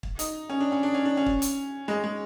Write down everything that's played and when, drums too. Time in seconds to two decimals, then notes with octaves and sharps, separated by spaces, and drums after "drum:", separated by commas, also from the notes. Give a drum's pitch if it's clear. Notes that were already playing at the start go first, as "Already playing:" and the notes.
0.03 drum: kick
0.19 D#4, drum: hi-hat
0.49 C#4
0.60 D4
0.72 C#4
0.83 D4
0.94 C#4
1.05 D4
1.17 C#4
1.26 drum: kick
1.42 drum: hi-hat
1.88 G#3
2.04 G#3